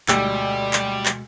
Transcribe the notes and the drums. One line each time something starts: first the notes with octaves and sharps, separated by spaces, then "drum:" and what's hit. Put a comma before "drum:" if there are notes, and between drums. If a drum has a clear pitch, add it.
D2 B2 G3 G#3 G4 D5 E6, drum: clap
drum: clap
drum: clap